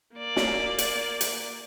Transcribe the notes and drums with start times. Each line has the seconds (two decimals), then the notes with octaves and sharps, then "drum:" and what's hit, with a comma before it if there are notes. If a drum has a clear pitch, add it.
0.15 A#3 D5
0.36 drum: snare
0.78 drum: hi-hat
1.21 drum: hi-hat